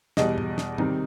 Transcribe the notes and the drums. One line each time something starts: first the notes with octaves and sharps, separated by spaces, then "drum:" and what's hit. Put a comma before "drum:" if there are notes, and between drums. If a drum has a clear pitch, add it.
E2 B2 G3 D#5, drum: snare
drum: tom G#2
drum: snare
C3 D#3 G3 C4 D#4, drum: tom G#2